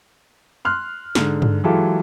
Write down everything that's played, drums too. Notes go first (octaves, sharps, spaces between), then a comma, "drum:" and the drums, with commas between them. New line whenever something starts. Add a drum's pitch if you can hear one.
C6 F6 F#6
G#2 D3, drum: snare
drum: tom G2
E3 F#3 G#3 F4 G4 A4